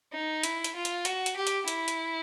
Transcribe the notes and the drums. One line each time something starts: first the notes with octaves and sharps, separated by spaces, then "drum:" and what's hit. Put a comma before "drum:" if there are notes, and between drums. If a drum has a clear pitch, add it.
D#4
E4, drum: hi-hat
drum: hi-hat
F4
drum: hi-hat
F#4, drum: hi-hat
drum: hi-hat
G4
drum: hi-hat
E4, drum: hi-hat
drum: hi-hat